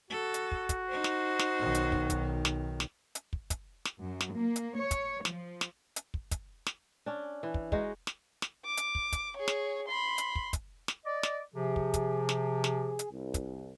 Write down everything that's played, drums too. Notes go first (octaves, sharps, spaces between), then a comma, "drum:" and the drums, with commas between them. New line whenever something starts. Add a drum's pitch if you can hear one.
F#4 A4
drum: hi-hat
drum: kick
drum: kick, hi-hat
D#4 C5
drum: snare
drum: snare
B1 D#3
drum: hi-hat
drum: kick
drum: kick, hi-hat
drum: snare
drum: snare
drum: hi-hat
drum: kick
drum: kick, hi-hat
drum: snare
F#2
drum: snare
A#3
drum: hi-hat
C#5
drum: kick, hi-hat
F3, drum: snare
drum: snare
drum: hi-hat
drum: kick
drum: kick, hi-hat
drum: snare
C#4 D4
E3
drum: kick
G#3 D#4 F#4, drum: kick
drum: snare
drum: snare
D6
drum: hi-hat
drum: kick
drum: kick, hi-hat
G#4 C#5
drum: snare
B5 C6
drum: hi-hat
drum: kick
drum: kick, hi-hat
drum: snare
D5 D#5 D6
drum: snare
C3 F3 G#4
drum: kick
drum: kick, hi-hat
drum: snare
drum: snare
drum: hi-hat
C2
drum: kick, hi-hat